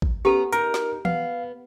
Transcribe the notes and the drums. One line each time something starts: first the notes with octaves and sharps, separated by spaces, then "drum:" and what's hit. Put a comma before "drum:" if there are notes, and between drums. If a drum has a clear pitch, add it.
drum: kick A1
B3 C#4 G4 A4 A#5
D#4 A#4, drum: hi-hat
drum: snare
B3 F5, drum: tom E3